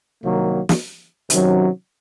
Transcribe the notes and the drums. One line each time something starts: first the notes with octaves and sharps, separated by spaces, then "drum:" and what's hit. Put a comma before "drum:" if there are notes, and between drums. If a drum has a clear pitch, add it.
C2 C3 D#3 F#3 A#3
drum: snare
C3 D#3 F#3 C#4, drum: hi-hat